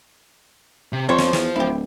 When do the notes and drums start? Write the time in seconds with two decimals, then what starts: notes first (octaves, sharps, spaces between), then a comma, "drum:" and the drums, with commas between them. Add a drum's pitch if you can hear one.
0.93 C3
1.09 F2 G3 C4 F4 C5 C#5
1.18 drum: snare
1.33 E2, drum: snare
1.56 D1 E4 G4